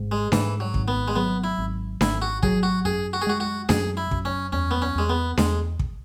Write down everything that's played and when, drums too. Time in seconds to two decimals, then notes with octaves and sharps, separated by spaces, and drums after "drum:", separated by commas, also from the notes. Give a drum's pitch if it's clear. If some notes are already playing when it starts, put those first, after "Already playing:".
Already playing: G#1 G#2
0.12 G#3
0.32 G#2 E3, drum: snare D4
0.60 F#3
0.74 G#1, drum: kick
0.88 B3
1.08 G#3
1.16 F#3 B3
1.44 E4
1.58 G#1
2.01 G#1 E4, drum: snare D4
2.22 F#4
2.43 F#3 G#4, drum: kick
2.63 F#4
2.85 F#2 G#4
3.13 F#4
3.22 G#4
3.27 G#3 F#4
3.40 F#4
3.69 F#2 G#4, drum: snare D4
3.97 E4
4.11 F#2, drum: kick
4.25 C#4
4.53 E2 C#4
4.71 B3
4.82 C#4
4.96 E2 G#3
5.09 B3
5.37 E2 G#3, drum: snare D4
5.79 drum: kick